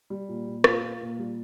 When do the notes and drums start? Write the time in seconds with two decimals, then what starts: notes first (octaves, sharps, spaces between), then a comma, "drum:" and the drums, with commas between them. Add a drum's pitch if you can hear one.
0.10 G3
0.29 A#2
0.47 A#2
0.64 F4, drum: rim click
0.82 F4
1.01 A#2
1.18 G3